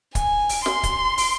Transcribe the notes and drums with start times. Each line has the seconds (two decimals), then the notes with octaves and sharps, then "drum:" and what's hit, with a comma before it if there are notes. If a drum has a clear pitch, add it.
0.15 G#5, drum: kick, hi-hat
0.49 drum: open hi-hat
0.66 C6, drum: snare
0.83 drum: kick, hi-hat
1.18 drum: open hi-hat